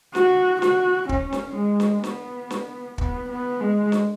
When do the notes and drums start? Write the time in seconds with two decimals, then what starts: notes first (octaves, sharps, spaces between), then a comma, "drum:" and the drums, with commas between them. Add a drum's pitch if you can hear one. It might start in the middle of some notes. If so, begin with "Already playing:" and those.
0.15 F#4, drum: snare
0.62 F#4, drum: snare
1.09 C#4, drum: kick
1.33 drum: snare
1.56 G#3
1.80 drum: snare
2.04 B3, drum: snare
2.50 drum: snare
2.98 B3, drum: kick
3.29 B3
3.61 G#3
3.92 drum: snare